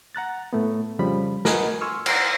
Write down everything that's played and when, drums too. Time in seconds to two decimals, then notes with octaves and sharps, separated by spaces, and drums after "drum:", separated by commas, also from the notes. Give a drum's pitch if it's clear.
0.15 F#5 A#5 F#6 A6
0.53 A2 A3 B3
0.99 F2 C#3 F3 G3 B5
1.45 A#4 B4 D#5 F#5 G#5 B5, drum: snare
1.81 G#5 C6 C#6 E6 F6
2.06 F#5 A#5 E6 F6, drum: cymbal